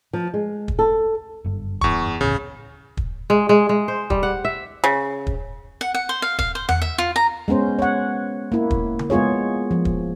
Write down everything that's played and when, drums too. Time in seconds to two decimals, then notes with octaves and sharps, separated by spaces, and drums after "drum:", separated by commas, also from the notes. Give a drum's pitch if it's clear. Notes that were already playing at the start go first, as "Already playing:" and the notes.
0.13 F3
0.34 G#3
0.68 drum: kick
0.79 A4
1.44 F#1 G2
1.81 E2 C#6, drum: kick
2.21 D1 A1 C#3
2.97 drum: kick
3.30 G#3
3.49 G#3
3.69 G#3
3.88 C5
4.10 G3, drum: kick
4.23 F#5
4.45 E5
4.84 C#3
5.27 drum: kick
5.81 F#5
5.94 F#5
6.09 C5
6.22 F5
6.39 F5, drum: kick
6.55 C5
6.69 F#5, drum: tom E2
6.82 E5
6.98 F4
7.16 A#5
7.48 G#3 B3 C#4 C5
7.79 C#5 F#5
8.52 A#3 E4
8.71 drum: kick
8.99 drum: tom C#3
9.10 G#3 B3 F4 G#4 C#5
9.71 F3
9.85 drum: kick